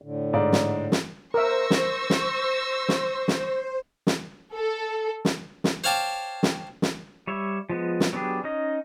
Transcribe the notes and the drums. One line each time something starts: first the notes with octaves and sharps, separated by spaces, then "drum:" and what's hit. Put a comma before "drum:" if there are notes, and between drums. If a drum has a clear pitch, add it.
A2 D3
G#2 D5
drum: snare
drum: snare
A#4 C5 E5 C#6 E6 A#6
drum: snare
drum: snare
drum: snare
drum: snare
drum: snare
A4
drum: snare
drum: snare
C5 C#5 F5 G5 A5 D6
drum: snare
drum: snare
G3 C#5 E5
F3 G#3 B3
drum: snare
F#3 B3 D4 G4 G#4
C#4 D#4 D#5